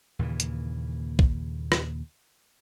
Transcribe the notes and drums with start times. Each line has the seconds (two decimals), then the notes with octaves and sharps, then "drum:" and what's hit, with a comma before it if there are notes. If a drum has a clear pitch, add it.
0.19 D#2 A#2 C#3 E3
0.40 drum: hi-hat
1.19 drum: kick B1
1.72 drum: rim click